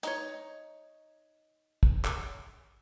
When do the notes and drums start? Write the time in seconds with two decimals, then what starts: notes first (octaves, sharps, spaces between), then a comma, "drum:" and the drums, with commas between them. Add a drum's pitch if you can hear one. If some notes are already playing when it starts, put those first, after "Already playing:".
0.03 D#4 C#5, drum: hi-hat
1.83 drum: kick
2.04 drum: clap